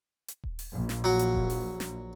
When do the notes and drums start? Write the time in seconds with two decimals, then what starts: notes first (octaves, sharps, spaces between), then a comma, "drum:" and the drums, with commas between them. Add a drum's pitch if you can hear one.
0.28 drum: hi-hat
0.44 drum: kick D#1
0.59 drum: open hi-hat
0.75 A#1
0.89 drum: snare
1.04 F#3 F#4
1.19 drum: hi-hat
1.34 drum: kick D#1
1.50 drum: open hi-hat
1.80 drum: snare